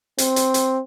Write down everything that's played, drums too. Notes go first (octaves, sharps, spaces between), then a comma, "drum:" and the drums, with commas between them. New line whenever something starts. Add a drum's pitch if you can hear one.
C4, drum: hi-hat
drum: hi-hat
drum: hi-hat